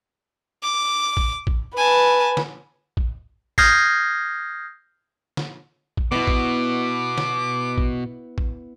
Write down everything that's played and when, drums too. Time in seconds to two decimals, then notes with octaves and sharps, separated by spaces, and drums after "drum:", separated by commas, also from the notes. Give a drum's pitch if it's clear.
0.62 D6
1.17 drum: kick
1.47 drum: kick
1.77 B4 G#5 A5
2.37 drum: snare
2.97 drum: kick
3.58 D#6 F6 G6 G#6 A#6 C7, drum: kick
5.37 drum: snare
5.97 drum: kick
6.12 B2 B3 E4 D6
6.27 drum: kick
7.18 drum: snare
7.78 drum: kick
8.38 drum: kick